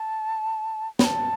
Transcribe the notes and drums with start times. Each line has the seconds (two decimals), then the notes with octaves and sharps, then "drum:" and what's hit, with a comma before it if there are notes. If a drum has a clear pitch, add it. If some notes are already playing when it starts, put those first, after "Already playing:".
Already playing: A5
0.99 B5, drum: snare
1.04 A5